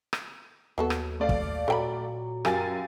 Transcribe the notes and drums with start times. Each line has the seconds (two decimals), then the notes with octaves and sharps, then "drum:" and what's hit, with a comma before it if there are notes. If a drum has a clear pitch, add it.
0.13 drum: rim click
0.78 D#2 F#3 B3 A4
0.90 drum: rim click
1.20 A3 D5 F5
1.29 drum: kick
1.68 A#2 F#3 A4 G5 B5
2.45 F#2 G4 A#4 F5 G#5 A6, drum: rim click